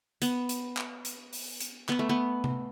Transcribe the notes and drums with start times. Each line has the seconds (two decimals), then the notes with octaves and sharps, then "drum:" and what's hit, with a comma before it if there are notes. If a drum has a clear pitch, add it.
0.22 B3, drum: hi-hat
0.49 drum: hi-hat
0.77 drum: clap
1.05 drum: hi-hat
1.33 drum: open hi-hat
1.61 drum: hi-hat
1.89 B3, drum: clap
1.99 A3
2.09 B3
2.44 drum: tom C3